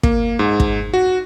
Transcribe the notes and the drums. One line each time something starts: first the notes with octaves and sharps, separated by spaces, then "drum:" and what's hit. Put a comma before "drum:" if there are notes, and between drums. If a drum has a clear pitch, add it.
A#3, drum: kick
G#2
drum: kick
F#4